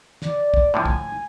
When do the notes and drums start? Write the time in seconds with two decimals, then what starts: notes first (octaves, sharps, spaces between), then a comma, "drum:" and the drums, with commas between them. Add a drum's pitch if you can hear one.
0.22 D5, drum: snare
0.54 drum: kick
0.74 A2 D3 F3 G#5
0.86 drum: kick